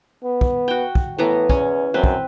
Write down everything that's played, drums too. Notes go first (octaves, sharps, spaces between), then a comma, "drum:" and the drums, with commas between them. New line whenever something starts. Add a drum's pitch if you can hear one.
B3
drum: kick
F#4 G5
drum: kick
A2 E3 B3 A#5
E2 C#4, drum: kick
F#2 C4 B4
drum: kick